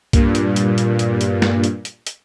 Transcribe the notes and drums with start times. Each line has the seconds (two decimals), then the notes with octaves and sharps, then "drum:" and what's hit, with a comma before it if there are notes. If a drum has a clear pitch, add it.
0.13 G2 A#2, drum: kick B1, hi-hat
0.35 drum: hi-hat
0.56 drum: hi-hat
0.78 drum: hi-hat
0.99 drum: hi-hat
1.21 drum: hi-hat
1.42 drum: snare
1.64 drum: hi-hat
1.85 drum: hi-hat
2.07 drum: hi-hat